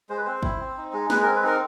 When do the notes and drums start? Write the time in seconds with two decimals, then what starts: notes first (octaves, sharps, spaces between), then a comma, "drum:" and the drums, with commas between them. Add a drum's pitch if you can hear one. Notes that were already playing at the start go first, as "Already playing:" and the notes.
0.09 G#3 C5
0.17 B4
0.25 C4 C5
0.43 E4, drum: kick
0.60 C4
0.77 D#4
0.93 G#3
1.10 G#3 B4, drum: snare
1.22 A#4
1.27 C4
1.35 B4
1.44 D#4 A#4